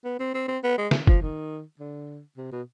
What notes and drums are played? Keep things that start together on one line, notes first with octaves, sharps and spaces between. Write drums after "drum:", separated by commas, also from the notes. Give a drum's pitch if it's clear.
B3
C4
C4
C4
B3
G#3
drum: snare
F3, drum: kick F#1
D#3
D3
C3
B2